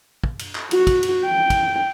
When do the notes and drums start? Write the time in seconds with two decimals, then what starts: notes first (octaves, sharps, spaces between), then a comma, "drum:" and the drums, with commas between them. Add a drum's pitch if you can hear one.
0.24 drum: kick
0.39 drum: cymbal
0.55 drum: clap
0.71 F#4, drum: cymbal
0.87 drum: kick, cymbal
1.03 drum: cymbal
1.26 G5
1.50 drum: kick, cymbal